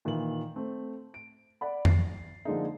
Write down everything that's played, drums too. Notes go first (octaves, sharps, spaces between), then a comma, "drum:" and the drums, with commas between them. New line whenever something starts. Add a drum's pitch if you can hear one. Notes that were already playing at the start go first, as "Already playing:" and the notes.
A#2 D#3 E3 E5 F#7
A3 C4
D7
D5 F#5 B5
A6 C7, drum: tom F2
D3 F3 G#3 A#3 D4 D#4